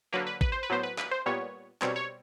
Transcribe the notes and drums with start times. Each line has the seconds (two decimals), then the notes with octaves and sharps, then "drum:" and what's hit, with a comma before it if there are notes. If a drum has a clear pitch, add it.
0.13 D3 F#3 A#3 B4
0.27 B4
0.41 B4, drum: kick G#1
0.52 C5
0.63 B4
0.70 A2 F#3 B3 C5
0.83 B4
0.98 B4, drum: clap
1.11 C5
1.26 A#2 G3 B3 C#5
1.82 B2 G3 C4 C#5, drum: clap
1.96 C#5